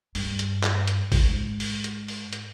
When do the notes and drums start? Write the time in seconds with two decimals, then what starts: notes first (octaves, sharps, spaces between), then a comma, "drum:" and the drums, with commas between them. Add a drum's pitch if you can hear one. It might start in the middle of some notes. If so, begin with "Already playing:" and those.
0.15 G2, drum: open hi-hat
0.39 drum: hi-hat
0.63 drum: clap
0.88 drum: hi-hat
1.12 drum: kick G#1, open hi-hat
1.27 G#2
1.60 drum: open hi-hat
1.84 drum: hi-hat
2.08 drum: open hi-hat
2.33 drum: hi-hat